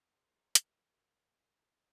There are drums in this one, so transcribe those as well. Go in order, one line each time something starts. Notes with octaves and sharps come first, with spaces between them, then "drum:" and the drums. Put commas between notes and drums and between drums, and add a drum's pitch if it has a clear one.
C4 D#4 G#4 A#4
A#4 E5, drum: hi-hat